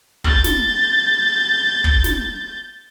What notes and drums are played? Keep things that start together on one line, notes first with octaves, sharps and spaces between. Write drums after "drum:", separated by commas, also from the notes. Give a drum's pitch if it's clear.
G6 A6, drum: kick
drum: snare
drum: kick
drum: snare